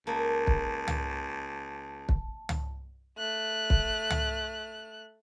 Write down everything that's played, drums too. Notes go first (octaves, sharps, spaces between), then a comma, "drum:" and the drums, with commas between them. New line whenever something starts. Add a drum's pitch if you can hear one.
C#2 A#3 A5
drum: kick
drum: tom
drum: kick
drum: tom
A3 F#6
drum: kick
drum: tom